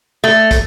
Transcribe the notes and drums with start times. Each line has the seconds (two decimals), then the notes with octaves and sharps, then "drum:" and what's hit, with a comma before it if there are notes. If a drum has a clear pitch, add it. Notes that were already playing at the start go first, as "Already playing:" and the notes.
0.24 A3
0.51 drum: kick, hi-hat